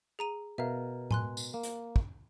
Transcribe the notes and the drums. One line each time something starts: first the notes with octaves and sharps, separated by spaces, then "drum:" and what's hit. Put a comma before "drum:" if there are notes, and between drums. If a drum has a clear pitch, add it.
G#4 A#5 D#7
B2 A#4 E5 F5
G#5 C6 F#6, drum: tom A2
drum: tambourine
A#3
drum: hi-hat
drum: kick